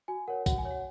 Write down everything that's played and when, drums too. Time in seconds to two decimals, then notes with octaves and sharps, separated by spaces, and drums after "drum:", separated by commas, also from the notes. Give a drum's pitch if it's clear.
0.08 F#4 G#5
0.28 A#4 C#5 F#5
0.46 F#4 F#5, drum: kick A#1, tambourine
0.58 G#5
0.65 C#5
0.71 F#5